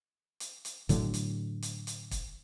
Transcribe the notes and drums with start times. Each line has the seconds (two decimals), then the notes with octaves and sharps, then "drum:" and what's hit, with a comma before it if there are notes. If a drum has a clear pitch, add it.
0.40 drum: hi-hat
0.65 drum: hi-hat
0.89 A2 D3 F#3, drum: kick, hi-hat
1.14 drum: hi-hat
1.62 drum: hi-hat
1.87 drum: hi-hat
2.11 drum: kick, hi-hat